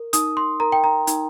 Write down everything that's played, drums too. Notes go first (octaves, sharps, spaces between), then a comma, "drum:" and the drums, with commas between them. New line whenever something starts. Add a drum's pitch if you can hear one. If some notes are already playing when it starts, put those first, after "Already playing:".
Already playing: A#4
D#4 D#6, drum: hi-hat
C6
A#4 A#5
G5
A#5
D#4, drum: hi-hat